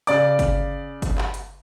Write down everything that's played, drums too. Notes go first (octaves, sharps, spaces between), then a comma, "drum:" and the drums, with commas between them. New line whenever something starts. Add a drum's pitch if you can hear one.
C#3 D5 D6, drum: hi-hat
drum: kick G1, hi-hat
drum: kick G1, hi-hat
drum: clap
drum: hi-hat